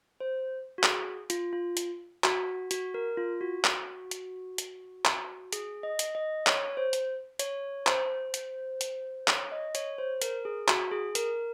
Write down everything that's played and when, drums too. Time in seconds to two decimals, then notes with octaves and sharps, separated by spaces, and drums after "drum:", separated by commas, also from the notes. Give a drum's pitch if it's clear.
0.20 C5
0.78 F#4
0.83 G#4, drum: clap
1.30 F4, drum: hi-hat
1.53 F4
1.77 drum: hi-hat
2.24 F#4, drum: clap
2.71 F#4, drum: hi-hat
2.94 A#4
3.17 F4
3.41 F#4
3.64 drum: clap
4.11 drum: hi-hat
4.58 drum: hi-hat
5.05 drum: clap
5.52 G#4, drum: hi-hat
5.83 D#5
5.99 drum: hi-hat
6.15 D#5
6.47 C#5, drum: clap
6.77 C5
6.93 drum: hi-hat
7.39 C#5, drum: hi-hat
7.87 C5, drum: clap
8.34 drum: hi-hat
8.81 drum: hi-hat
9.28 C#5, drum: clap
9.52 D#5
9.75 C#5, drum: hi-hat
9.98 C5
10.22 A#4, drum: hi-hat
10.45 G#4
10.68 F#4, drum: clap
10.91 G#4
11.15 A#4, drum: hi-hat